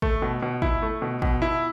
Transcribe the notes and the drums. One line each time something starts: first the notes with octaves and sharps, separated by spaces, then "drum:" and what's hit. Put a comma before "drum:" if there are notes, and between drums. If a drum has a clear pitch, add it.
A3, drum: kick
B2
B2
E4, drum: kick
A3
B2
B2, drum: kick
E4